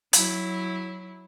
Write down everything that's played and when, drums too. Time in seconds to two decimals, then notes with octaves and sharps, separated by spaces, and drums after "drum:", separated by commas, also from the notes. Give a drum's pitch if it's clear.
0.13 F#3 E4, drum: hi-hat